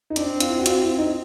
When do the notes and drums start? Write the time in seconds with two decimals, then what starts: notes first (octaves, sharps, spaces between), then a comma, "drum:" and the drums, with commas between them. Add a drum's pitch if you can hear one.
0.10 D#4
0.16 C4 D4, drum: hi-hat
0.40 F4, drum: hi-hat
0.49 E4
0.59 F#4
0.66 F4, drum: hi-hat
0.81 E4
0.98 D#4